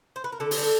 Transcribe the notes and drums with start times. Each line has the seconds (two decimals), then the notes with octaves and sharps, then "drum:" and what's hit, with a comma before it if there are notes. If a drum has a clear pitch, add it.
0.16 C5
0.24 B4
0.32 A#4
0.40 D3 A4
0.51 G#4, drum: open hi-hat
0.57 G3
0.62 A4